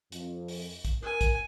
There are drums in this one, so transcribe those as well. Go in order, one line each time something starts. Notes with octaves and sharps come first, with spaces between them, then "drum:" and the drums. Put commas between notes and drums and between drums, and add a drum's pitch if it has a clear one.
F2, drum: hi-hat
drum: open hi-hat
drum: kick, hi-hat
A#4 G#5
drum: kick, hi-hat